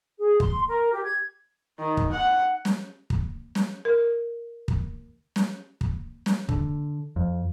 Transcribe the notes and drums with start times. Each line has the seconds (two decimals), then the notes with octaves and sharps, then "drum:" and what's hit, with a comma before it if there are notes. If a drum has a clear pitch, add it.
0.19 G#4
0.40 C6, drum: kick
0.67 A#4
0.92 G4
1.04 G#6
1.80 D#3
1.97 drum: kick
2.12 F#5
2.65 drum: snare
3.10 drum: kick
3.55 drum: snare
3.85 A#4
4.68 drum: kick
5.36 drum: snare
5.81 drum: kick
6.26 drum: snare
6.49 D3, drum: kick
7.16 F2